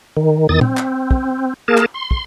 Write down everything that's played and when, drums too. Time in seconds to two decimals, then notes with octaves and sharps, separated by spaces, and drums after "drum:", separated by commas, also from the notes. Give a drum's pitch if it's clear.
0.17 D#3
0.49 E2 D#3 D#6 A6
0.61 C4, drum: tom
0.77 drum: clap
1.11 drum: kick
1.68 A#3 G#4 A#4 A5
1.77 drum: clap
1.94 C6
2.11 drum: kick